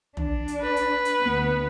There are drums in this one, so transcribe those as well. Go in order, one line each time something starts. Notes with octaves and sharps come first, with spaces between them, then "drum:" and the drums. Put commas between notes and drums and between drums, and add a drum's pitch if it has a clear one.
D4, drum: tom
drum: hi-hat
B4
drum: hi-hat
drum: hi-hat
D2 B3